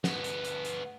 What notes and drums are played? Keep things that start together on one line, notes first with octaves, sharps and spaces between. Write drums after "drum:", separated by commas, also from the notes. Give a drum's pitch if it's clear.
D2 B3, drum: snare
drum: hi-hat
drum: hi-hat
drum: hi-hat